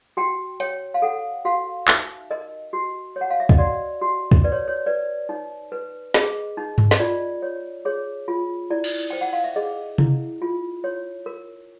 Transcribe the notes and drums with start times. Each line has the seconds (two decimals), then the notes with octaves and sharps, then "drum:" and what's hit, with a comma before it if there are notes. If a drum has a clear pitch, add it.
0.17 F#4 G5
0.60 C#5 G5, drum: hi-hat
0.94 F5
1.02 A4 F#5
1.45 F#4 F5
1.88 D#4 E5, drum: clap
2.31 A#4 D#5
2.73 F#4
3.16 C#5
3.21 F#5
3.30 F5
3.40 E5
3.49 D#5, drum: kick
3.58 F#4 D5
4.01 F#4
4.31 drum: kick
4.44 B4 D5
4.52 C#5
4.68 C#5
4.86 B4 D5
5.29 D#4
5.72 B4
6.14 G#4 D#5, drum: snare
6.57 D#4
6.78 drum: tom G2
6.91 D#5, drum: snare
6.99 F4 D5
7.42 C#5
7.85 G#4 C#5
8.28 F4
8.70 E4 D5
8.84 drum: cymbal
9.10 C5 G5
9.21 F#5
9.33 F5
9.44 E5
9.56 G#4 D#5
9.98 E4, drum: tom C3
10.42 F4
10.84 C#5
11.26 A#4